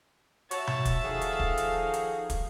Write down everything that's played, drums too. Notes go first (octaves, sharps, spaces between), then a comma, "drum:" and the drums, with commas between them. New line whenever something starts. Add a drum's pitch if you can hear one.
F#4 C#5 E5 A5, drum: hi-hat
drum: tom B2
drum: kick, hi-hat
D#3 F3 D#4 F#4 G#4 A4 F5
drum: hi-hat
drum: kick
drum: hi-hat
drum: hi-hat
drum: kick, hi-hat